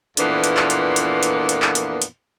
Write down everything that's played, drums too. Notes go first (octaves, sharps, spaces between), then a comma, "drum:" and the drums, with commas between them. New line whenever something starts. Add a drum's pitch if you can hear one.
F2 A#2 E3 A#3 B3 D4, drum: hi-hat
drum: hi-hat
drum: clap
drum: hi-hat
drum: hi-hat
drum: hi-hat
drum: hi-hat
drum: clap
drum: hi-hat
drum: hi-hat